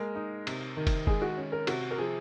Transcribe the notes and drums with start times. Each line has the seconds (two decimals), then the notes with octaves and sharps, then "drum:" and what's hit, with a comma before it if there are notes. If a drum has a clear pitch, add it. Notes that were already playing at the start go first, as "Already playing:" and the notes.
Already playing: G#3 A#3 A#4
0.15 D#4
0.47 C3, drum: cymbal
0.77 D#3
0.87 drum: kick, cymbal
1.07 G#3 G#4, drum: kick
1.22 F#4
1.37 C#4
1.52 A#4
1.67 C3 F#4, drum: cymbal
1.91 A#4
1.98 F3 G#4